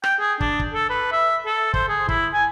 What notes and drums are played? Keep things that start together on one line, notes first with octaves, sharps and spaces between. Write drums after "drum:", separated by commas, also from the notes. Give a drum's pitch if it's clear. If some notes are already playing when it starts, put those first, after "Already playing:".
G5, drum: rim click
G#4
D4, drum: kick
drum: kick
A4
B4
E5
A4
C5, drum: kick
G#4
E4, drum: kick
G#5